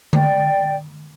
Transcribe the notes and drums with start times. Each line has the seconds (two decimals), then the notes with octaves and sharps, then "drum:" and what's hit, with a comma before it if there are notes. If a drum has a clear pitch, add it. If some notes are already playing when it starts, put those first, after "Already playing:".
0.13 D5 G5, drum: tom D3